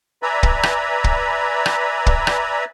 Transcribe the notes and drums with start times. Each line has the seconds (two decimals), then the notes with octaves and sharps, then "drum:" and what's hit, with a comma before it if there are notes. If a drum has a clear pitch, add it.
0.22 B4 D5 E5 G#5 A#5 B5
0.43 drum: kick
0.63 drum: rim click
1.04 drum: kick
1.66 drum: rim click
2.06 drum: kick
2.27 drum: rim click